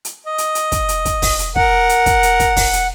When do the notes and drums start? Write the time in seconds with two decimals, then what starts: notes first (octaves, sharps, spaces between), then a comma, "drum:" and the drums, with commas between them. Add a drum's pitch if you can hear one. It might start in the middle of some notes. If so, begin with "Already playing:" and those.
0.05 drum: hi-hat
0.26 D#5
0.38 drum: hi-hat
0.55 drum: hi-hat
0.72 drum: kick, hi-hat
0.89 drum: hi-hat
1.05 drum: kick, hi-hat
1.22 drum: kick, open hi-hat
1.39 drum: hi-hat
1.56 A#4 F#5, drum: kick
1.89 drum: hi-hat
2.06 drum: kick, hi-hat
2.23 drum: hi-hat
2.40 drum: kick, hi-hat
2.56 drum: kick, open hi-hat
2.73 drum: hi-hat